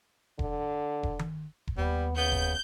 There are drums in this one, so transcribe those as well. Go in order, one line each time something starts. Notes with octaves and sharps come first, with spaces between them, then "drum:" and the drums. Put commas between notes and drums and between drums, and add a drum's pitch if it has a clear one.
D3, drum: kick E1
drum: kick E1
drum: tom D#3
drum: kick E1
D#2 G3 B3
C#3 B3 G6
drum: kick E1